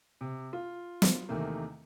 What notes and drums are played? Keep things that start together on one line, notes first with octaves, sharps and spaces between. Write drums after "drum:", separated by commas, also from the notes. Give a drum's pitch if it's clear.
C3
F4
drum: snare
E2 C3 D#3 A3 A#3